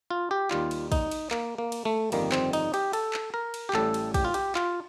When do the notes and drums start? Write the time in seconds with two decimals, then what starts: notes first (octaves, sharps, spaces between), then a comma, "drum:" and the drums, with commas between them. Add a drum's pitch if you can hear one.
0.10 F4
0.31 G4
0.51 D#2 D#3 G3 F4, drum: clap
0.71 drum: cymbal
0.92 D#4, drum: kick, cymbal
1.11 drum: cymbal
1.31 A#3, drum: clap
1.58 A#3
1.72 drum: cymbal
1.85 A3
2.12 G1 F2 D#3 G3 A#3, drum: cymbal
2.32 C4, drum: clap
2.53 D#4, drum: cymbal
2.74 G4, drum: cymbal
2.93 A4, drum: cymbal
3.13 drum: clap
3.34 A#4
3.54 drum: cymbal
3.69 G4
3.73 A1 A2 G3 A4, drum: clap
3.94 drum: cymbal
4.14 G4, drum: kick, cymbal
4.25 F4
4.34 G4, drum: cymbal
4.55 F4, drum: clap